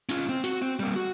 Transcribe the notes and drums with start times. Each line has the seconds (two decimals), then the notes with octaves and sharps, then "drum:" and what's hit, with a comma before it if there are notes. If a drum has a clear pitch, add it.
0.09 C#4 F4, drum: hi-hat
0.29 C4
0.44 F#4, drum: hi-hat
0.62 C4
0.80 G3 A#3
0.96 F#4